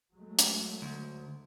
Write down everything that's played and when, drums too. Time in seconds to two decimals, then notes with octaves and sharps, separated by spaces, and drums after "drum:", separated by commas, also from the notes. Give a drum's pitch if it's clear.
0.14 F#3 G#3 A3
0.39 drum: hi-hat
0.82 D2